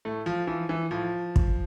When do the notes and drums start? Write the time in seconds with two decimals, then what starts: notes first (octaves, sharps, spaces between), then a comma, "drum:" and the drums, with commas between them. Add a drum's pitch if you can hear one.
0.05 A2 A3
0.26 F3
0.47 E3 F3
0.69 E3
0.91 A2 F3
1.36 drum: kick